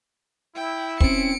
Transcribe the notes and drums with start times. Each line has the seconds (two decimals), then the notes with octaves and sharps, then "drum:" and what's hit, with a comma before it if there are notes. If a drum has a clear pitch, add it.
0.56 E4 G5
1.00 C4 C#4 C#7 D7, drum: kick